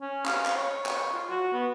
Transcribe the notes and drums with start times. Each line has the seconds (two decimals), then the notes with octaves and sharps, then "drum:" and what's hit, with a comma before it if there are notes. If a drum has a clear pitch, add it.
0.01 C#4
0.26 F5, drum: clap
0.46 drum: clap
0.57 C#5
0.86 drum: clap
1.14 F4
1.30 F#4
1.53 B3